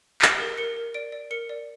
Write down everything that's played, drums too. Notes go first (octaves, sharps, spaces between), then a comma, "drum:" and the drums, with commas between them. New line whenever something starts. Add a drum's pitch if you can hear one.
G4 D7, drum: clap
A#4
A#4 C#7
A#4
D5 D7
D5
A#4 C#7
D5